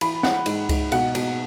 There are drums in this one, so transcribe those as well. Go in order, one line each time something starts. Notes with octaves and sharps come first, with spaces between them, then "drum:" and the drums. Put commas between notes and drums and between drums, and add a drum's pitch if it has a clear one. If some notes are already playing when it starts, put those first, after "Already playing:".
E3 B5, drum: cymbal
E3 F#5, drum: snare
G#2, drum: cymbal
G#2, drum: kick C#2, cymbal
B2 F#5, drum: cymbal
B2, drum: cymbal